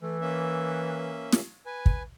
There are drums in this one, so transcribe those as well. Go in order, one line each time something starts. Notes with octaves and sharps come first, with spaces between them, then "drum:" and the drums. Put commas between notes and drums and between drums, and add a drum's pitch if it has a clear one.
E3 A3
A#3 C#4 E5
drum: snare
B4 G#5
drum: kick